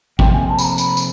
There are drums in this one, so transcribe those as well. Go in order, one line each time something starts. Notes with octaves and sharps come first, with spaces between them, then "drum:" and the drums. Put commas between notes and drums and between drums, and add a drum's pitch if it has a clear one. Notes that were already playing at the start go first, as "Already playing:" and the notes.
C3 F3 A#3 G5, drum: kick
G#5
A5
B5, drum: tambourine
A#5
B5, drum: tambourine
drum: tambourine